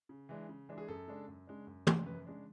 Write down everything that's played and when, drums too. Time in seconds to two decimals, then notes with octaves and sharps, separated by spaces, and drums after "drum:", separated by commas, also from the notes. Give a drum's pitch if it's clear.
0.09 C#3
0.29 E3 G#3 D4
0.49 C#3
0.69 E3 G#3 D4
0.78 G#4
0.88 F#2 A4
1.08 C#3 G#3 D4
1.28 F#2
1.47 C#3 G#3 D4
1.67 F#2
1.87 C#3 G#3 D4, drum: tom
2.06 F#2 B4
2.27 C#3 G#3 D4